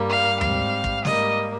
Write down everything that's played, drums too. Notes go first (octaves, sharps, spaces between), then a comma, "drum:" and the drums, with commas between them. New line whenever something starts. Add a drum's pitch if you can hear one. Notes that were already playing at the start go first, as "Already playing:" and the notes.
Already playing: G2 G3 A#3
F5
G#2 G3 C4 F5, drum: tom D#2
drum: kick
G#2 G3 A#3 D#5, drum: snare